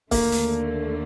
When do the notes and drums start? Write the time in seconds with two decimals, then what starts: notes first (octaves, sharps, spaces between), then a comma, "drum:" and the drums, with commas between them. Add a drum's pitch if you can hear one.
0.11 D#2 D3 A3 A#3, drum: kick, open hi-hat
0.32 drum: hi-hat